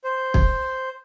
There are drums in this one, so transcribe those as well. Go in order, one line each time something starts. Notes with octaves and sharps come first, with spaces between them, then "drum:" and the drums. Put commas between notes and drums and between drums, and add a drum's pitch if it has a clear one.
C5
drum: kick